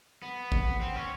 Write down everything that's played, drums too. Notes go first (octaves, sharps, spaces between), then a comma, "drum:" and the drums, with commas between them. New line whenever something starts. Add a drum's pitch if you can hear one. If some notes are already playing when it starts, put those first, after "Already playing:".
B3
drum: kick
C4
C#4